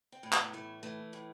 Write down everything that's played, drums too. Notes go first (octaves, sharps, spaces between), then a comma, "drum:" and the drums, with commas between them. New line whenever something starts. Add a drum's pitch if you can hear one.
C4
A2
B3, drum: clap
B3
E3 A3
E3 A3
A2